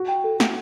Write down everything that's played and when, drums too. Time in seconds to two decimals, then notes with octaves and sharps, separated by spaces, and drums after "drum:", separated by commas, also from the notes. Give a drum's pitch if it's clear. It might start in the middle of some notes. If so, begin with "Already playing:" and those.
Already playing: F#4
0.08 G5
0.24 A4
0.40 F#5, drum: snare